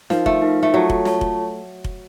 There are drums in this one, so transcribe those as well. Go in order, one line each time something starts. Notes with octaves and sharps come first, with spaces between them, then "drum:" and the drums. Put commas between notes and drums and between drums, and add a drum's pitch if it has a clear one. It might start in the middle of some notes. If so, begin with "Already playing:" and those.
F3 D#4 A#4 F5, drum: snare
A3, drum: kick F1
D#4 A#4 F5
A3
F#3 F4 A4 C#5 A5
drum: kick F1
F4 A4 C#5 A5, drum: snare
drum: kick F1
drum: kick F1